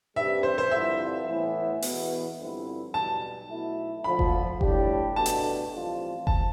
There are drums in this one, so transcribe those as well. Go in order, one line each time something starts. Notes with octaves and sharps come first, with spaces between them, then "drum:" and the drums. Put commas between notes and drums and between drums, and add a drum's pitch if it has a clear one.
C3 G3 D4 G4 B4 E5
C5
C5
G2 D3 F3 C4 E4 E5
A2 E3 B3 E4
E2 B2 B3, drum: open hi-hat
G2 D3 F3 C4 E4
B1 B2 G3 A5
B1 B2 A3 E4
D2 D3 F3 B5
drum: kick F#1
A2 G3 D4 G4, drum: kick F#1
B2 A3 D4 A5
drum: hi-hat
A1 G2 F3 C4 F4
A5, drum: kick F#1